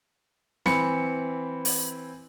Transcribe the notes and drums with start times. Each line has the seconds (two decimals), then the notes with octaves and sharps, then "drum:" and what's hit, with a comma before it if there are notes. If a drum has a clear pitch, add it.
0.66 E3 C4 B5 C#7, drum: snare
1.65 drum: open hi-hat